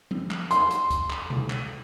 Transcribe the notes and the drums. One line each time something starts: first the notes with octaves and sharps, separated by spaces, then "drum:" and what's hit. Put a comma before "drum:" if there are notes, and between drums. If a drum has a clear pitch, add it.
drum: tom F3
drum: clap
C6, drum: hi-hat
drum: hi-hat
drum: kick C#2, hi-hat
drum: clap
drum: tom B2
drum: clap